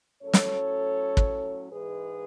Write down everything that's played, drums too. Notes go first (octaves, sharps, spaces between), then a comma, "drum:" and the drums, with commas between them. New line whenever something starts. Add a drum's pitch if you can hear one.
A2 F#3 C#4 A4 C#5
drum: snare
drum: kick
G#2 E3 G#3 G#4 B4